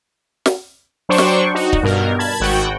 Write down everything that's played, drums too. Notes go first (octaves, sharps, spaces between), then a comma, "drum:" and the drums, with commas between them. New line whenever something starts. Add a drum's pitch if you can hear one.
drum: snare
F#3 D4 C5 G5 C#6
drum: snare
D#4 F#4
drum: kick
G2 B2 A#4
A5 B5 G#6
G#1 F#4 F#5 G5